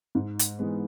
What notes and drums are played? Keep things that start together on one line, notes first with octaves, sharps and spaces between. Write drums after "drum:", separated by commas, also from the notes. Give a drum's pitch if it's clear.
G#2
drum: hi-hat
E3 G#3 B3